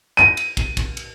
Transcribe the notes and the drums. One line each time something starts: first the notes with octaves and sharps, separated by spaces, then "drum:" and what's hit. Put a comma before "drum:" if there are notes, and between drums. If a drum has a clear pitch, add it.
D#7, drum: rim click
drum: cymbal
drum: kick, cymbal
drum: kick, cymbal
drum: cymbal